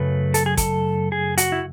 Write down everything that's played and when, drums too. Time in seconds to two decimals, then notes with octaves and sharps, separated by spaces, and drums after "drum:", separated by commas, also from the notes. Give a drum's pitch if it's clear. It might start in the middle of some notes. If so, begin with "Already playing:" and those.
Already playing: F#2 C#3 F#3 A3 B4
0.34 A4, drum: hi-hat
0.46 G#4
0.57 A4, drum: kick, hi-hat
1.12 G#4
1.38 F#4, drum: hi-hat
1.52 E4